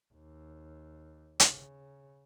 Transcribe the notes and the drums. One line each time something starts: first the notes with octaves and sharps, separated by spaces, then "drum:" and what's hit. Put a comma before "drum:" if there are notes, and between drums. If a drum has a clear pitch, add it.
D#2
C#3, drum: hi-hat